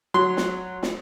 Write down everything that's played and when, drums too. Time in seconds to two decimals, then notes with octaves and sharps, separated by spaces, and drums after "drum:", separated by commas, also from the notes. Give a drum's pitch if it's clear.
0.14 F#3 C6
0.37 drum: snare
0.83 drum: snare